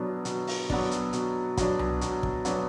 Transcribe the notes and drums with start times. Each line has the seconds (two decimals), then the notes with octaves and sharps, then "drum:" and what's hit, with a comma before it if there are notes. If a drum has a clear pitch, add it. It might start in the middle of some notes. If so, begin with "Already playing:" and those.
Already playing: B2 F#3 B3 D4
0.25 B2, drum: hi-hat
0.47 drum: open hi-hat
0.70 F#3 B3 D4, drum: kick
0.91 drum: hi-hat
1.13 B2, drum: hi-hat
1.57 F#3 B3 D4, drum: kick, hi-hat
1.79 drum: tom C2
2.01 B2, drum: hi-hat
2.23 drum: kick
2.45 F#3 B3 D4, drum: hi-hat